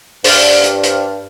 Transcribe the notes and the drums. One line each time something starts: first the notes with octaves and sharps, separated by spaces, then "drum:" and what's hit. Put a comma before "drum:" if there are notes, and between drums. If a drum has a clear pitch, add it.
G2 C5 D5 F6, drum: open hi-hat
drum: hi-hat
drum: hi-hat